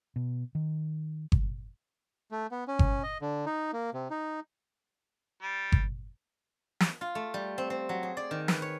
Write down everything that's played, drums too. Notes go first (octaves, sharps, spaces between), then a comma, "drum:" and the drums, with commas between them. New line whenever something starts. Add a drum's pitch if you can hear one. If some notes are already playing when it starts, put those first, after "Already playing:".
B2
D#3
drum: kick G1
A3
B3
C#4
drum: kick G1
D#5
D3
D#4
A#3
C3
D#4
G3
drum: kick G1
drum: snare
F4
A3
G3
C4
C4
F#3
G#4
D5
D#3
B4, drum: snare
C#5